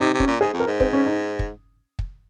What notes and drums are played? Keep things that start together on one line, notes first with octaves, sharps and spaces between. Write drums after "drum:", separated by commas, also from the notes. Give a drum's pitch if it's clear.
C3 D#4
C3
C#4, drum: kick
A#2
G#2 G#4
F2
A#4
G#2
C4, drum: kick
C#4
D#4
drum: kick
drum: kick